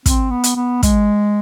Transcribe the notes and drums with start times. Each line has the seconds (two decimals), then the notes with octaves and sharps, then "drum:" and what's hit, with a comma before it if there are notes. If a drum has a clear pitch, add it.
0.06 C4, drum: kick, hi-hat
0.30 B3
0.44 drum: hi-hat
0.56 B3
0.83 G#3, drum: kick, hi-hat